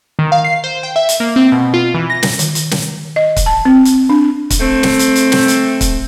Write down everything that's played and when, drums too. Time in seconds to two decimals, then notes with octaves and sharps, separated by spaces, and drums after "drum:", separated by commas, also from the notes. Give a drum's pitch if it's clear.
0.19 D#3
0.32 F5
0.45 C7
0.64 C5
0.83 G5
0.96 E5
1.09 drum: hi-hat
1.20 A#3
1.36 C4
1.52 B2
1.74 F4
1.94 E3
2.10 A#6
2.23 drum: snare
2.39 D#3, drum: hi-hat
2.55 drum: hi-hat
2.71 drum: snare
3.16 D#5
3.36 drum: kick, hi-hat
3.46 A5
3.65 C4
3.85 drum: hi-hat
4.10 D4
4.50 drum: kick, hi-hat
4.60 A3 C4
4.83 drum: snare
4.99 drum: hi-hat
5.16 drum: hi-hat
5.32 drum: snare
5.48 drum: hi-hat
5.81 drum: kick, hi-hat